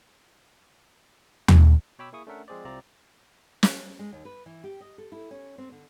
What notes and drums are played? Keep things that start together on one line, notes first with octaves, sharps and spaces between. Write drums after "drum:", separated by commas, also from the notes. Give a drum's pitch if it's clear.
drum: tom
B2 C#5 G5 B5 D6 E6
A#3 E4 G#4 C#6 D#6
A3 C#4 D4 A#4 E5 F#5
F3 G#3 C4 G#4 C5 D5
C2 C3 C4 F4 D5 A#5
drum: snare
G#3
D#2
B4
E3
G4
D#5
A4
E4
C#4
C4
D3